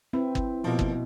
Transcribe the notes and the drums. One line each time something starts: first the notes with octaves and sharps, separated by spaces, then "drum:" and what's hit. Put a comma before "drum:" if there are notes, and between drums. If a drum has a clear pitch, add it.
C4 E4 B4
drum: kick
B2 F3 A#3
drum: kick